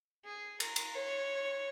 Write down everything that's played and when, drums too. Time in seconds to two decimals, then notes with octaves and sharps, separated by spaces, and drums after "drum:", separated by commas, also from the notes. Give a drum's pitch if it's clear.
0.25 G#4
0.60 A#4, drum: cymbal
0.76 drum: cymbal
0.94 C#5